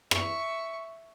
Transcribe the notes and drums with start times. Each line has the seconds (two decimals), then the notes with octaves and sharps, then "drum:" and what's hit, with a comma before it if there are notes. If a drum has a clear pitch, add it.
0.11 E5 C#6, drum: rim click